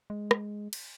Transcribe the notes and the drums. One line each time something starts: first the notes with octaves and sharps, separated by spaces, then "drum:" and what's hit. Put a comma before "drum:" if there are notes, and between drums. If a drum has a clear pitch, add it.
G#3
drum: rim click
drum: cymbal